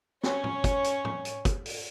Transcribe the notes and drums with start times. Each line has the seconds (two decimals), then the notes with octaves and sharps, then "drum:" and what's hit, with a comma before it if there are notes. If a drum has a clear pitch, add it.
0.23 C#4 C#5, drum: snare
0.44 drum: tom A2
0.64 drum: kick, hi-hat
0.84 drum: hi-hat
1.05 drum: tom A2
1.25 drum: hi-hat
1.45 drum: kick, hi-hat
1.66 drum: open hi-hat